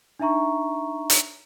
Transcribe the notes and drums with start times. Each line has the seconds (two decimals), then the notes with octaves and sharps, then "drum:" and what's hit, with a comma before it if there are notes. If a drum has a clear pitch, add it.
0.19 D4 D#4 E5 A#5 C#6
1.10 drum: hi-hat